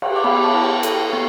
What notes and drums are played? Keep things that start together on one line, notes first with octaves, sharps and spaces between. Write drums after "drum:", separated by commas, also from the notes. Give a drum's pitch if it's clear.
drum: cymbal
D6
B3 B5, drum: cymbal
A5
E4
G5
A4, drum: hi-hat
B3